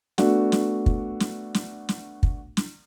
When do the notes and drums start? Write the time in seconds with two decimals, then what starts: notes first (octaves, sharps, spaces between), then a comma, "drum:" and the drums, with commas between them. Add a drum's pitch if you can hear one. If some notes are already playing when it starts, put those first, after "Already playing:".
0.18 A3 B3 D4 F#4, drum: snare
0.52 drum: snare
0.86 drum: kick
1.20 drum: snare
1.54 drum: snare
1.89 drum: snare
2.23 drum: kick
2.57 drum: snare